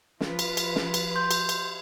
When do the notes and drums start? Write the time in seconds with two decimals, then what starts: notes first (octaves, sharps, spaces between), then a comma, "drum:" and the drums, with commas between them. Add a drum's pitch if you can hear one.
0.20 F3 F4 B4, drum: snare
0.39 drum: cymbal
0.57 drum: cymbal
0.76 drum: snare
0.94 drum: cymbal
1.15 C6 G6
1.31 drum: cymbal
1.49 drum: cymbal